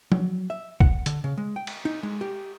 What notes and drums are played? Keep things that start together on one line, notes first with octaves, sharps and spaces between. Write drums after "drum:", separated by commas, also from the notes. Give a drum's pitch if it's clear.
F#3, drum: tom F3
E5
F#5, drum: kick A#1
D3, drum: hi-hat
C#3
G#3
G5
drum: cymbal
D#4
G#3
G4